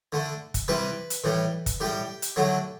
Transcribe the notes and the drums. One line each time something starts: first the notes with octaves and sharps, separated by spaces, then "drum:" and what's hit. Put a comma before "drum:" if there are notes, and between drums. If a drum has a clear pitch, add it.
D3 A3
drum: kick, hi-hat
C3 E3 G3 B4
drum: hi-hat
A2 E3 G3
drum: kick, hi-hat
A2 G3 G4
drum: hi-hat
D3 F#3 A3